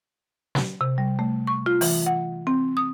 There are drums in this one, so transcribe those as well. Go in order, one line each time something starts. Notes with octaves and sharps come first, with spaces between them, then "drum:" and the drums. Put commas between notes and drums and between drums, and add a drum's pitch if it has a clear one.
drum: snare
C3
G3
A3
C#6
F4
E3, drum: open hi-hat
F#5
C4
D#6